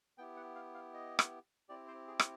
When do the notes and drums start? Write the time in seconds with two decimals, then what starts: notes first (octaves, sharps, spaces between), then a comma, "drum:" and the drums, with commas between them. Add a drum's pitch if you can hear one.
0.18 B3 E4 G4 G5
0.36 F#5
0.55 F5
0.74 F5
0.94 D#5
1.19 drum: rim click
1.69 C4 E4 G4 D5
1.87 C5
2.07 G#4
2.19 drum: rim click